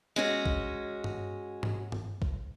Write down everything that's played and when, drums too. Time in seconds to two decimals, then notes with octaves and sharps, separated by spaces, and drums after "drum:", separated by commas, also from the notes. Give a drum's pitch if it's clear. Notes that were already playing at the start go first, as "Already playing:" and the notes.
0.16 G#3 C#4 F#4
0.46 drum: kick
1.04 drum: tom G2
1.63 drum: tom G#2
1.92 drum: tom G2
2.22 drum: kick